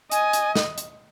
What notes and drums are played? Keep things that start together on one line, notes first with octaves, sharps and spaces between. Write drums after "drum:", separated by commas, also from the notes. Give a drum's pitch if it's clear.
D#5 G#5, drum: hi-hat
drum: hi-hat
drum: snare
drum: hi-hat